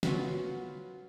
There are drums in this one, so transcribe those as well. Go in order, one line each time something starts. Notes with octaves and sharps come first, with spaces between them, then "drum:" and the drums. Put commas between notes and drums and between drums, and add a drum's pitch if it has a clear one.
F#3 B3 C#4 F4 F#4, drum: snare